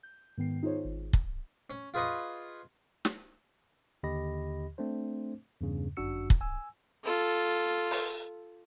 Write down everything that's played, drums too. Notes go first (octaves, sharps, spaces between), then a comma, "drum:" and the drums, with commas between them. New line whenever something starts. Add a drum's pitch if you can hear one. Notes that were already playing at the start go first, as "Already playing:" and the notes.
G6
G#2 D#3 B3 G5 C7
D#4 F4 G#4 C5 C#5
G#1
drum: kick
C#4
F4 G#4 B4 D#5 C#6
drum: snare
D#2 D3 G4 D#5 B5 A#6
A3 C4 D4 C5
E2 G2 C#3
G1 F#2 D4 F#4 E6 C#7
drum: kick
G#5 E6
F4 A4
drum: open hi-hat